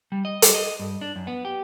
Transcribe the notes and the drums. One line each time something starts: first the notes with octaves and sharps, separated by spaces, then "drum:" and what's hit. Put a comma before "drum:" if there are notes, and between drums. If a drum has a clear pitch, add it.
G3
D#5
G3, drum: hi-hat
D#5
G2
D4
F#2
B3
G4